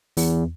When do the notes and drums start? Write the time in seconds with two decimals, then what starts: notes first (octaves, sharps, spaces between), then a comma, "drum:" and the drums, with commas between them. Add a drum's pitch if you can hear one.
0.17 E2, drum: open hi-hat